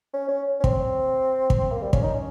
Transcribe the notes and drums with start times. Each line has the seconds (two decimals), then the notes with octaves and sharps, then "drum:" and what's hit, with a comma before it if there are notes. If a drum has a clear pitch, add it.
0.14 C#4
0.28 C#4
0.60 C#4
0.64 C4, drum: kick
1.50 drum: kick
1.72 A#3
1.82 G3
1.93 C#4, drum: kick
2.04 D#4
2.14 C#4